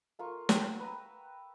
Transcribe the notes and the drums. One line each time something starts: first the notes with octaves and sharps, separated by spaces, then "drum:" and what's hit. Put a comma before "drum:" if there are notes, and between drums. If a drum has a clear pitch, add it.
A3 F4 A#4 C#6
F#5 G5 A5, drum: snare
B4 A#5 E6